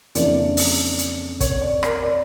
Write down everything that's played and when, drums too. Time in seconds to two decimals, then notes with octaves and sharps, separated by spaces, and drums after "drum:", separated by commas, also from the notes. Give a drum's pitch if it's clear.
0.15 F2 C#3 E3 A#3 D4 D5, drum: hi-hat
0.57 drum: open hi-hat
0.99 drum: hi-hat
1.40 C#5, drum: kick, hi-hat
1.61 D5
1.83 A#4, drum: rim click
2.03 D5